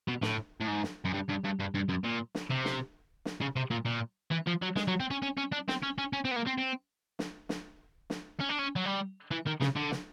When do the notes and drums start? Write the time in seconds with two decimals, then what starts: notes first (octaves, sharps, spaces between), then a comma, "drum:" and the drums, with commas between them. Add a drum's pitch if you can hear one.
0.08 B2
0.22 A2, drum: snare
0.61 A2
0.68 G#2
0.83 drum: snare
1.05 F#2
1.13 G2
1.29 G2
1.44 G2
1.59 G2
1.75 G2
1.89 F#2
2.04 A#2
2.35 drum: snare
2.50 C3
2.65 drum: snare
3.25 drum: snare
3.41 C#3
3.56 C3
3.71 A#2
3.85 A#2
4.31 E3
4.47 F3
4.62 F#3
4.76 G#3, drum: snare
4.88 F#3
5.00 C4
5.11 C#4
5.22 C#4
5.37 C#4
5.52 D4
5.68 C4, drum: snare
5.83 C#4
5.98 C#4
6.13 C#4
6.25 C4
6.31 B3
6.36 A#3
6.47 C4
6.58 C4
7.19 drum: snare
7.49 drum: snare
8.10 drum: snare
8.40 C#4
8.49 D4
8.59 C#4
8.76 F#3
8.85 G3
9.31 E3
9.47 D#3
9.61 C#3, drum: snare
9.76 D3
9.91 drum: snare